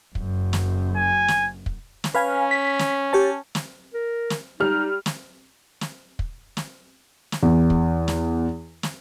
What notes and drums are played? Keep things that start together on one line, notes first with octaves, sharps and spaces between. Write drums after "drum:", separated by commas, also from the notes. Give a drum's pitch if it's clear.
F#1 F#2, drum: kick
drum: snare
G#5
drum: snare
drum: kick
drum: snare
C#4 B4 F5 G#5
B6
drum: snare
G4 C#5 A5
drum: snare
A#4
drum: snare
G3 D#4 F6
drum: snare
drum: snare
drum: kick
drum: snare
drum: snare
E2
drum: kick
drum: snare
drum: snare